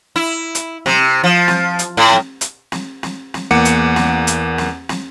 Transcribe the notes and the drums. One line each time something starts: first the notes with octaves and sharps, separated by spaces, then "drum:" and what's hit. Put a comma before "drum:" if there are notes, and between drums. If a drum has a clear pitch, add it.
E4
drum: hi-hat
C3, drum: snare
F3
drum: snare
drum: hi-hat
A2
drum: snare
drum: hi-hat
drum: snare
drum: snare
drum: snare
E2 A#3 F#5 D6 C#7
drum: hi-hat
drum: snare
drum: hi-hat
drum: snare
drum: snare